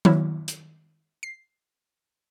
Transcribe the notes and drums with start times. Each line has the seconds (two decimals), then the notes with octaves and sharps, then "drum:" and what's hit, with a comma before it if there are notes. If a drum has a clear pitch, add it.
0.05 F#3 E4, drum: tom D#3
0.48 drum: hi-hat
1.23 C7